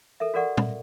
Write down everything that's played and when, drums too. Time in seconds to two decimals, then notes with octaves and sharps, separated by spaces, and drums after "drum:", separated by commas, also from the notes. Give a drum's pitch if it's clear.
0.20 A4 A#4 E5
0.34 F#4 A4 A#4 D5 F#5 C#6
0.57 drum: tom A#2